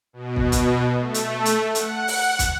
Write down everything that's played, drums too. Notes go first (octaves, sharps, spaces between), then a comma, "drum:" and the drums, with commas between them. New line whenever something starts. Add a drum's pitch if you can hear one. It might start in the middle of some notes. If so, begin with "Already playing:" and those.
B2
drum: kick
drum: kick, hi-hat
A3
drum: hi-hat
drum: hi-hat
F#5, drum: hi-hat
drum: open hi-hat
drum: kick, hi-hat